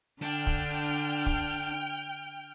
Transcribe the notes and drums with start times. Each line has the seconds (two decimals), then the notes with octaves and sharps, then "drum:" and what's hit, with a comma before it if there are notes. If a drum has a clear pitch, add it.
0.22 D3 D4 G5 F6
0.47 drum: kick
1.26 drum: kick